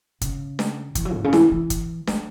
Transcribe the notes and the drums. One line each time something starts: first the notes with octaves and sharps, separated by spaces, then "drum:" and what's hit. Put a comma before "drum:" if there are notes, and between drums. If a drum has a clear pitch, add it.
C#3, drum: kick, hi-hat
drum: snare D4
E3, drum: kick, hi-hat
F#3
G#2
C#3
E3, drum: snare D4
E3
drum: kick, hi-hat
F#3, drum: snare D4